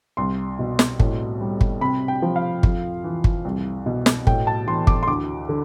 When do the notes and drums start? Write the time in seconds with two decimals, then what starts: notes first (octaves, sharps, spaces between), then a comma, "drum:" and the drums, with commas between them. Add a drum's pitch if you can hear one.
0.17 C2 C6
0.59 B2
0.79 drum: snare
1.00 A2, drum: kick
1.41 G3
1.61 drum: kick
1.81 C3 B5
2.08 G5
2.22 F3
2.36 F5
2.63 F2, drum: kick
3.04 E3
3.24 drum: kick
3.45 C2
3.86 B2
4.06 drum: snare
4.27 A2 G5, drum: kick
4.47 A5
4.67 E3 C6
4.87 D6, drum: kick
5.03 C6
5.08 D2 D6
5.49 D3